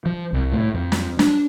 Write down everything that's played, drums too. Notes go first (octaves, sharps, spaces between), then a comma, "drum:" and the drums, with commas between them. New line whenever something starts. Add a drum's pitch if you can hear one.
F3
C2
A2
F2
drum: snare
D4, drum: snare